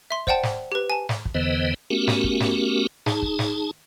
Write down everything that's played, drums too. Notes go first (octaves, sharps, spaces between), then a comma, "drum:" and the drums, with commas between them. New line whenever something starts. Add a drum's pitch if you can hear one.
E5 C6
C5 D5 F#5 G5 A5, drum: kick
drum: snare
G4 B4
G#5 A5
drum: snare
drum: kick
E2 D3 E3 B3 C5 D#5
A3 B3 C#4 F#4 G4 A#4
drum: snare
drum: kick
drum: snare
D#4 G#4 A5, drum: snare
drum: kick
drum: snare